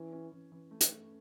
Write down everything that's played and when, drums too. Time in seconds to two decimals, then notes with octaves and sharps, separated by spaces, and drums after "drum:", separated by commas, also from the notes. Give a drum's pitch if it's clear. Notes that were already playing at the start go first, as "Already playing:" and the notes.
Already playing: E3 C#4
0.13 C#4
0.32 E3
0.52 E3
0.71 A3
0.81 drum: hi-hat
0.91 A3